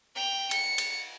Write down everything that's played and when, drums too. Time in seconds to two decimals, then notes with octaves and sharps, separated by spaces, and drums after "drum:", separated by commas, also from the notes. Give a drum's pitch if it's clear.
0.15 G5 F7
0.51 C#7, drum: cymbal
0.78 drum: cymbal